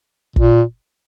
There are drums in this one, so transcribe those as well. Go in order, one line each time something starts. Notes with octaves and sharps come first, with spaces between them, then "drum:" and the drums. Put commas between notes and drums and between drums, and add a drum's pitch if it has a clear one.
A#2, drum: kick